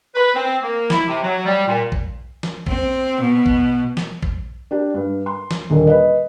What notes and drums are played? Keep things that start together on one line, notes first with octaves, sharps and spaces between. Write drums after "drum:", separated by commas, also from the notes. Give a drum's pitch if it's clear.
B4
C4
A#3
E4, drum: snare
C3
F#3
G3
A#2
drum: kick A#1
drum: snare
C4, drum: kick A#1
B2
drum: kick A#1
drum: snare
drum: kick A#1
D4 G4
G2
C6
drum: snare
D#1 D3 D#3
B4 D#5